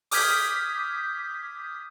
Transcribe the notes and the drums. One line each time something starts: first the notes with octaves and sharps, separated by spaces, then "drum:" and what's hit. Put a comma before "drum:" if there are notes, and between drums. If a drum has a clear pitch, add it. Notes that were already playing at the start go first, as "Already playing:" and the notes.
D6 D#6 F6 G6 G#6 B6, drum: open hi-hat